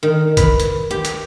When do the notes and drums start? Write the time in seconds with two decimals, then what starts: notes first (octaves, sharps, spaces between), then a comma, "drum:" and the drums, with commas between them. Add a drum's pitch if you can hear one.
0.03 D#3
0.37 B4, drum: kick, hi-hat
0.60 drum: hi-hat
0.91 G4
1.05 drum: hi-hat